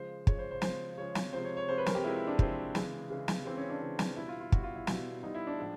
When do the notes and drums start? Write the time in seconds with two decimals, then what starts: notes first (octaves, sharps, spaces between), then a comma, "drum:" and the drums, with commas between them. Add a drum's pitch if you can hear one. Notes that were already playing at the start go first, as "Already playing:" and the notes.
Already playing: C#3 F3 G#3 C5
0.27 C#3 F3 G#3 C#5, drum: kick
0.39 C5
0.51 C5
0.62 C#3 F3 G#3 C5, drum: snare
0.97 C#3 F3 G#3 C#5
1.15 drum: snare
1.32 C3 F3 G#3 C5
1.44 C#5
1.57 C#5
1.68 C3 F3 G#3 C5
1.78 B4
1.86 A#4, drum: snare
1.95 G4
2.04 C3 F3 G#3 E4
2.16 E4
2.27 D4
2.39 C3 F3 G#3 C4, drum: kick
2.75 C#3 E3 G#3, drum: snare
3.10 C#3 E3 G#3
3.28 drum: snare
3.45 C#3 E3 G#3 C4
3.57 C#4
3.69 D4
3.81 C#3 E3 G#3
3.99 drum: snare
4.16 B2 G3 E4
4.28 F4
4.40 F4
4.52 B2 G3 F#4, drum: kick
4.63 F4
4.76 E4
4.87 B2 G3, drum: snare
5.23 B2 G3 D#4
5.34 E4
5.47 D4
5.58 A2 F3 G#3